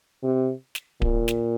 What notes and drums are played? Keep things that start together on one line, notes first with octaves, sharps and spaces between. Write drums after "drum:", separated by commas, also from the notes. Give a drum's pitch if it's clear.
C3
drum: snare
A#2, drum: kick D1
drum: snare